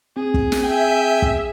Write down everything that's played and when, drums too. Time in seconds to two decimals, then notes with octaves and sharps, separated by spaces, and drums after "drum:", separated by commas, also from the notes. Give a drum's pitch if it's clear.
0.17 C4 G#4
0.34 drum: kick
0.52 drum: snare
0.63 E5 G5 G#5
1.22 drum: kick